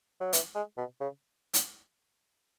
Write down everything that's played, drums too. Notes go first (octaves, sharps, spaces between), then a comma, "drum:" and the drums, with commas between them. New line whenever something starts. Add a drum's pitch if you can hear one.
F#3
E3, drum: hi-hat
G#3
B2
C#3
drum: hi-hat